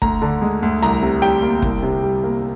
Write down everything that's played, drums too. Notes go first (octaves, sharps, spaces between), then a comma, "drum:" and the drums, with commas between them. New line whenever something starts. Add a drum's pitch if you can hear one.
D2 A#5, drum: kick
D3
G#3
D2
C2 A#5, drum: hi-hat
C3
G3 G5
A#3
C2, drum: kick
C3
G3
A#3